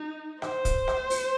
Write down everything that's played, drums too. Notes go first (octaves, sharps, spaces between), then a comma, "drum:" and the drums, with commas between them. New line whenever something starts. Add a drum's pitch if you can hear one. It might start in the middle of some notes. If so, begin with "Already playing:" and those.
Already playing: D#4
C5, drum: rim click
drum: kick, hi-hat
drum: rim click
drum: open hi-hat